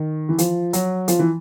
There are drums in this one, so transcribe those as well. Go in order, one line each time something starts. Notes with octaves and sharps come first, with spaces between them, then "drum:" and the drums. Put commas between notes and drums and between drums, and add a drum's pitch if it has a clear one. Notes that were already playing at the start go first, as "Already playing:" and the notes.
Already playing: D#3
E3
F3, drum: hi-hat
F#3, drum: hi-hat
F3, drum: hi-hat
E3